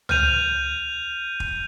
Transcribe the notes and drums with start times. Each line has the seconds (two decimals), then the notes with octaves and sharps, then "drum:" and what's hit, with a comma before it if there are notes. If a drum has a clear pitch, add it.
0.09 F6 G6 D#7 F7, drum: tom
1.40 drum: kick